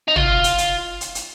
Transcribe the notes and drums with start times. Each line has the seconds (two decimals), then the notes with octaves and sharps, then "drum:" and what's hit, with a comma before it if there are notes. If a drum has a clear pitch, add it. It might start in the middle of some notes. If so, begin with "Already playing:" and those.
0.08 D#4
0.16 F4, drum: tom
0.44 drum: hi-hat
0.58 drum: hi-hat
1.01 drum: hi-hat
1.15 drum: hi-hat